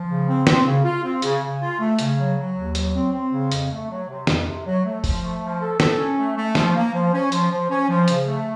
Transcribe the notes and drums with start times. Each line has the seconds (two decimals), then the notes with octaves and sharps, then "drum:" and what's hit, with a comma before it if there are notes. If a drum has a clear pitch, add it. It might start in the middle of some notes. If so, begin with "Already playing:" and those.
Already playing: F3
0.09 C#3
0.27 C4
0.47 C4, drum: snare
0.66 C#3
0.84 F4
1.04 C4
1.22 C#3, drum: hi-hat
1.42 C#3
1.60 F4
1.79 A3
1.99 C#3, drum: hi-hat
2.18 F#3
2.37 F#3
2.56 D#2
2.75 F#3, drum: hi-hat
2.93 C4
3.13 C4
3.32 C#3
3.52 F2, drum: hi-hat
3.70 A3
3.89 F#3
4.08 C3
4.27 F2, drum: snare
4.46 C3
4.65 F#3
4.84 A3
5.04 F3, drum: kick, open hi-hat
5.22 A3
5.41 F3
5.60 A4
5.80 A4, drum: snare
5.98 C#4
6.18 A3
6.36 A3
6.55 F3, drum: snare
6.75 A#3
6.94 F3
7.12 C#4
7.32 F3, drum: hi-hat
7.51 F3
7.70 C#4
7.89 F3
8.08 C#3, drum: hi-hat
8.26 A3